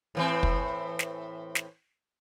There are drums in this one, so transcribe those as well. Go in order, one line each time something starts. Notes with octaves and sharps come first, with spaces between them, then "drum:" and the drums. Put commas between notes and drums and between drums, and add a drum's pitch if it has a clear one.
A2 E3 C4
drum: kick
drum: snare
drum: snare